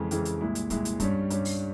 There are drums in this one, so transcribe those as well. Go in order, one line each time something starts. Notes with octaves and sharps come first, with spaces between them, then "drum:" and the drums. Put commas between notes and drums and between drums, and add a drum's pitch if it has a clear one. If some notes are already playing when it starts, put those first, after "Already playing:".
Already playing: F2 C#3 E3 G#3
F2 C#3 E3 G#3, drum: hi-hat
drum: hi-hat
C2 A#2 G#3 E4
drum: hi-hat
C2 A#2 G#3 E4, drum: kick, hi-hat
drum: hi-hat
G2 G3 C#4, drum: kick, hi-hat
G2 G3 C#4, drum: hi-hat
drum: open hi-hat